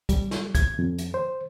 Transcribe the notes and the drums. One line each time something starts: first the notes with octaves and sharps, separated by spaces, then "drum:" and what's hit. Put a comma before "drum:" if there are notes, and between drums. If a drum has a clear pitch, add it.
G3, drum: kick, hi-hat
drum: snare
G#6, drum: kick, hi-hat
F2
drum: hi-hat
C5